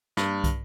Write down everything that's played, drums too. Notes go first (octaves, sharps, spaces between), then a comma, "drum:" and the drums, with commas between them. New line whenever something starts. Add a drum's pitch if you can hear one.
G2, drum: snare
drum: kick, hi-hat